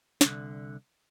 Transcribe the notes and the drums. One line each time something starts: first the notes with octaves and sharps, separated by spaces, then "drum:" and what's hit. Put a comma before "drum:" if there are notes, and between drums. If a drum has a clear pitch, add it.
C2 D3, drum: snare